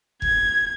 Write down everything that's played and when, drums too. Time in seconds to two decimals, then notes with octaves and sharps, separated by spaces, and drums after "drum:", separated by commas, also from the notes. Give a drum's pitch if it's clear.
0.22 G#6, drum: kick F1